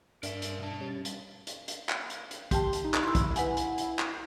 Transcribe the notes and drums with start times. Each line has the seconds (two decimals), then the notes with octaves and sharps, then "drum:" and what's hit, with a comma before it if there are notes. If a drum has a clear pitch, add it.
0.23 G2 D4 A#4 E5, drum: hi-hat
0.42 drum: hi-hat
0.59 B2 A5
0.81 G3 C#4 A6
1.05 drum: hi-hat
1.47 drum: hi-hat
1.68 drum: hi-hat
1.89 drum: clap
2.10 drum: hi-hat
2.31 drum: hi-hat
2.51 G4 G5 A5 C6, drum: kick, hi-hat
2.73 drum: hi-hat
2.84 D#4
2.94 drum: clap
3.04 E4 C6 E6
3.15 drum: kick, hi-hat
3.36 B4 F#5 G#5, drum: hi-hat
3.57 drum: hi-hat
3.78 drum: hi-hat
3.99 drum: clap